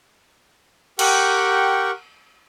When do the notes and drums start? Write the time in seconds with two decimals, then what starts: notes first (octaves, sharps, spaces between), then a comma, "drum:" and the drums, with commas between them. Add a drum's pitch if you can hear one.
0.99 G4 A#4 F#5 G5 C#6, drum: cymbal